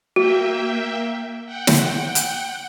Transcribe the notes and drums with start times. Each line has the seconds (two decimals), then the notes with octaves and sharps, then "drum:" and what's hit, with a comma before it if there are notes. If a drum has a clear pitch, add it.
0.16 A#3 F#4 E5 G5
1.46 F#5 G5
1.67 drum: snare
2.15 drum: hi-hat